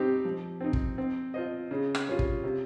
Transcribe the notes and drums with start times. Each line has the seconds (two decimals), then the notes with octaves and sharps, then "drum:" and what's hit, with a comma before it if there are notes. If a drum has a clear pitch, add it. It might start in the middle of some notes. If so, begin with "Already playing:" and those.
Already playing: G3 C4 D#4 G4
0.25 F3
0.61 C4 D#4
0.73 drum: kick
0.98 C4
1.34 F4 C5 D#5
1.71 C#3
1.95 drum: rim click
2.07 G3 C#4 F4
2.19 drum: kick
2.44 C3